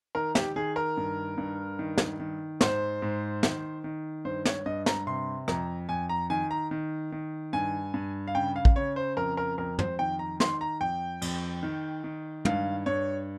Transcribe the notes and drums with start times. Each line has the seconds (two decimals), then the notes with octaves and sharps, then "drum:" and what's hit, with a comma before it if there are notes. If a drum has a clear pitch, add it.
0.15 D#3 A#4
0.35 G4, drum: snare
0.56 D#3 G#4
0.76 A#4
0.97 G2
1.38 G2
1.79 D#3
1.98 drum: snare
2.20 D#3
2.61 G#2 C5, drum: snare
3.02 G#2
3.43 D#3, drum: snare
3.84 D#3
4.25 G2 C5
4.45 C#5, drum: snare
4.66 G2 D#5
4.86 A#5, drum: snare
5.07 C3 C6
5.48 F2 A#5, drum: rim click
5.89 F2 G#5
6.09 A#5
6.30 D#3 G#5
6.51 A#5
6.71 D#3
7.12 D#3
7.53 G2 G#5
7.94 G2
8.27 F5
8.35 C#3 G5
8.56 F5
8.65 drum: kick
8.76 C#3 C#5
8.96 C5
9.17 F2 A#4
9.37 A#4
9.58 F2 A#4
9.79 C5, drum: tom
9.99 D#3 G5
10.19 A#5
10.40 D#3 C6, drum: snare
10.61 A#5
10.80 F2 G5
11.22 F2, drum: cymbal
11.63 D#3
12.04 D#3
12.45 G2 F5, drum: tom
12.86 G2 C#5